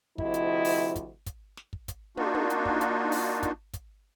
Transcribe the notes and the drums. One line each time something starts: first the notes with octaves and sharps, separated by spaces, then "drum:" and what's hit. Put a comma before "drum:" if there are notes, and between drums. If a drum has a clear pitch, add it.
D2 C3 F3 E4 D#5, drum: kick
drum: hi-hat
drum: open hi-hat
drum: kick, hi-hat
drum: kick, hi-hat
drum: snare
drum: kick
drum: kick, hi-hat
A#3 D4 D#4 F4 F#4, drum: tom
drum: tom
drum: hi-hat
drum: kick
drum: hi-hat
drum: open hi-hat
drum: kick, hi-hat
drum: kick, hi-hat